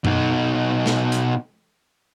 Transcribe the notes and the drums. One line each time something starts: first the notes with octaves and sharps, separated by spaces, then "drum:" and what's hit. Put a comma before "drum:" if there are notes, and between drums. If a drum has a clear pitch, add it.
B2 D#4, drum: tom F#2
drum: snare
drum: hi-hat